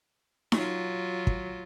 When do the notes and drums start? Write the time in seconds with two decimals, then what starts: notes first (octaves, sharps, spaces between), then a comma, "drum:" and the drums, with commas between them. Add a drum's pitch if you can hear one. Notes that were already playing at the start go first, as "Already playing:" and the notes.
0.52 F#3 F4, drum: snare D#4
1.27 drum: kick